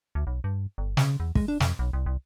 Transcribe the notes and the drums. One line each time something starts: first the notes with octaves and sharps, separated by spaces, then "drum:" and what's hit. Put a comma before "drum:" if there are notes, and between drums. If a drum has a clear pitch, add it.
D2
B1
G2
G1
C#3, drum: snare
E2
G#3, drum: kick
D4
F2, drum: snare
B1
C2
C2